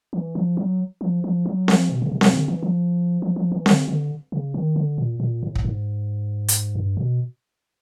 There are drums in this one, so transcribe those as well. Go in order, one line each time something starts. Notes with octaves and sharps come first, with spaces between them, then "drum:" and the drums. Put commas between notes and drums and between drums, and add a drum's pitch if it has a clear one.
E3
F3
F#3
F3
F3
F#3
F3, drum: snare C4
B2
C#3
C3
drum: snare C4
D3
E3
F3
F3
F3
E3
D3, drum: snare C4
D3
C#3
D#3
D3
A#2
A#2
A2
drum: kick
G#2
drum: hi-hat
G2
B2